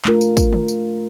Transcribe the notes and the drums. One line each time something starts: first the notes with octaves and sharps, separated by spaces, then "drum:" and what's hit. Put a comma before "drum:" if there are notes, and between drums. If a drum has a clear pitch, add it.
A3 D4 F4 A#4, drum: clap
drum: tambourine
drum: kick, tambourine
drum: tom
drum: tambourine